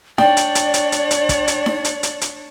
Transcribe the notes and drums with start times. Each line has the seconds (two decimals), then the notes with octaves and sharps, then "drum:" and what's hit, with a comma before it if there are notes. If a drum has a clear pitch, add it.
0.18 D4 C#5 D5 G5, drum: snare D#4
0.37 drum: hi-hat
0.55 drum: hi-hat
0.74 drum: hi-hat
0.92 drum: hi-hat
1.11 drum: hi-hat
1.29 drum: kick, hi-hat
1.48 drum: hi-hat
1.66 drum: snare D#4
1.84 drum: hi-hat
2.03 drum: hi-hat
2.21 drum: hi-hat